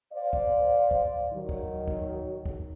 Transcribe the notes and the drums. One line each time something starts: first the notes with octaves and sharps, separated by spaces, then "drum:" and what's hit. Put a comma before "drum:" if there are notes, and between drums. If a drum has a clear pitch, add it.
C5 D5 F5
drum: kick
drum: kick
D#3 F#3
drum: kick
drum: kick
drum: kick